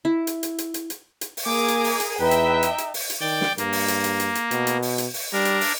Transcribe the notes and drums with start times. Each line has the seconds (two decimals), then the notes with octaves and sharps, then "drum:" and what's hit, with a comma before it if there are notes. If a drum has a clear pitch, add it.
0.05 E4
0.27 drum: hi-hat
0.43 drum: hi-hat
0.58 drum: hi-hat
0.74 drum: hi-hat
0.90 drum: hi-hat
1.21 drum: hi-hat
1.37 drum: open hi-hat
1.46 A#3 G#4 A#4 D6
1.68 drum: hi-hat
1.84 drum: open hi-hat
2.00 drum: hi-hat
2.20 E2 D#4 B4 E5 G5
2.31 drum: hi-hat
2.63 drum: hi-hat
2.78 drum: hi-hat
2.94 drum: open hi-hat
3.10 drum: hi-hat
3.20 D#3 D5 G5
3.41 drum: snare
3.58 G2 A#3, drum: hi-hat
3.72 drum: open hi-hat
3.88 drum: hi-hat
4.04 drum: hi-hat
4.20 drum: hi-hat
4.35 drum: hi-hat
4.51 B2, drum: hi-hat
4.67 drum: hi-hat
4.82 drum: open hi-hat
4.98 drum: hi-hat
5.14 drum: open hi-hat
5.33 G3 D4 A#4
5.45 drum: hi-hat
5.61 drum: open hi-hat